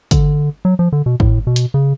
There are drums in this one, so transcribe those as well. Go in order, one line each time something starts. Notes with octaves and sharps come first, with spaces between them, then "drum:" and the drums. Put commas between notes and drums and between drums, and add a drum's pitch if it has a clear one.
D3, drum: kick, hi-hat
F#3
F3
D3
B2
A2, drum: kick
B2
drum: hi-hat
C#3